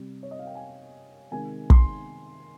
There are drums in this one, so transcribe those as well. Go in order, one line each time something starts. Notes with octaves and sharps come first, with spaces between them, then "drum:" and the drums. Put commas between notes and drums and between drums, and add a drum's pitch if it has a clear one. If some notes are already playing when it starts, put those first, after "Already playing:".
Already playing: C3 G3
C#5
D#5
F5
G5
G#5
C3 D#3 G#3 G#5
C6, drum: kick